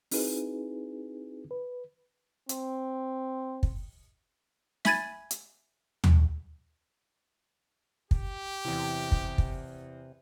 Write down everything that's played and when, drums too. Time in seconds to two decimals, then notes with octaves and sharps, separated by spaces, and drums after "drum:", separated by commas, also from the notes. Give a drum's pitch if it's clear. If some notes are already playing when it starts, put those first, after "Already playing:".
0.11 C4 D#4 E4 F#4 G#4 B4, drum: open hi-hat
1.51 B4
2.49 C4, drum: hi-hat
3.63 drum: kick
4.85 E5 G#5 B5 G#6 A6 D#7, drum: snare
5.31 drum: hi-hat
6.04 drum: tom D#2
8.11 G4, drum: kick
8.65 E2 C3 E3
9.12 drum: kick
9.38 drum: kick